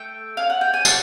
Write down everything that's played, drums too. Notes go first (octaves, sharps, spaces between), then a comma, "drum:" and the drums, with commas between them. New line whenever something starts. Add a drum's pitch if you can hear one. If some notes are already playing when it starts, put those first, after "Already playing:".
Already playing: A3 G5
C#4 F5
F#5
G5
G#5
F#4 A5, drum: tambourine